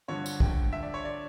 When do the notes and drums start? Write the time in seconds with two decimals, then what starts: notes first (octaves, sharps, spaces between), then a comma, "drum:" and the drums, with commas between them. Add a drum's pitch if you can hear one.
0.08 G2 D3 F3 C#5
0.26 drum: tambourine
0.40 G5, drum: kick
0.72 E5
0.83 D5
0.94 C#5
1.05 D5